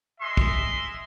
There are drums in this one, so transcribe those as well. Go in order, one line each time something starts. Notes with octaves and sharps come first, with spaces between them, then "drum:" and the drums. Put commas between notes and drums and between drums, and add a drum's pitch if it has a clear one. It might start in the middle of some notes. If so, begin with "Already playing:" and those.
G#3 D#5 E5 C6
drum: kick